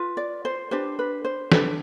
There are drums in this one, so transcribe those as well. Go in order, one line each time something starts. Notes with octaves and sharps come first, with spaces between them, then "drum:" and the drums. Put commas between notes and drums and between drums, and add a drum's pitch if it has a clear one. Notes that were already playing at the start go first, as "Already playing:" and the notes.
Already playing: F4 B4
D5
C5
D4 G4 B4 C5
B4
C5
D4 A4 B4, drum: snare